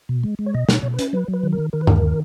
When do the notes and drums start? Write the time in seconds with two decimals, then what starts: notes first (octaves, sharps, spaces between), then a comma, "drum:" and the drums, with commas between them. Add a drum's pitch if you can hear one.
0.09 B2
0.23 G#3
0.39 G#3
0.46 C#5
0.54 B2 D#5
0.69 B2, drum: snare
0.74 C#5
0.83 B2
0.94 B4
0.99 C#4, drum: hi-hat
1.13 F#3 B4
1.28 F#3
1.33 B4
1.43 D#3
1.53 A#4
1.59 D#3
1.73 D#3 A#4
1.81 B4
1.87 D#2 A#4, drum: tom G2
2.02 D#3